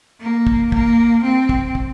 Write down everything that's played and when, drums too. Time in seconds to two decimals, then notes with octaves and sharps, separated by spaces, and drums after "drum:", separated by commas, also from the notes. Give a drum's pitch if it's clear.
0.21 A#3
0.47 drum: kick
0.72 A#3, drum: kick
1.23 C4
1.49 drum: kick
1.75 drum: kick